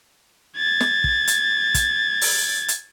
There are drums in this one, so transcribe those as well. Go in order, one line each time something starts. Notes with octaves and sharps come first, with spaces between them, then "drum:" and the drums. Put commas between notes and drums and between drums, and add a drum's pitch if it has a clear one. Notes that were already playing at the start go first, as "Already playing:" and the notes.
G#6 A6
drum: snare
drum: kick
drum: hi-hat
drum: kick, hi-hat
drum: open hi-hat
drum: hi-hat